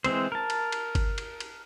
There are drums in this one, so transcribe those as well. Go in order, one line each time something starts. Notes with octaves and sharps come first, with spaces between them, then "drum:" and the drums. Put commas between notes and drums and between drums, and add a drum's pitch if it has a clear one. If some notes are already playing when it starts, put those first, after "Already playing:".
E3 G#3 C4 C5, drum: cymbal
A#4 A5
drum: cymbal
drum: cymbal
drum: kick G1, cymbal
drum: cymbal
drum: cymbal